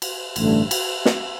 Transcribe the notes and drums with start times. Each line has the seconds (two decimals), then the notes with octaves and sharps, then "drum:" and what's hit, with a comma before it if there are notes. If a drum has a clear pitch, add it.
0.02 drum: cymbal
0.36 A1 G2 D3 A3, drum: cymbal
0.71 drum: cymbal
1.05 drum: snare